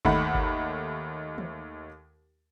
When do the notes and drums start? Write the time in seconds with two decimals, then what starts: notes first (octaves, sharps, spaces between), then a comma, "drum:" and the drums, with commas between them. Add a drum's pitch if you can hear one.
0.05 D#2 A3 D#4 F#5 B5, drum: kick G1
0.35 drum: kick G1
1.38 drum: tom D#3